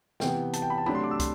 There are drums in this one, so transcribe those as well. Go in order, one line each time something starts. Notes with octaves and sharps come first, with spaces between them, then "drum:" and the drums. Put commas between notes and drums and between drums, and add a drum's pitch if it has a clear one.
C3 E3 B3 G5, drum: snare
A5, drum: hi-hat
G5
B5
A5
C3 F#3 A3 D4 B5, drum: tom C3
C6
D6
E6
C6, drum: kick, hi-hat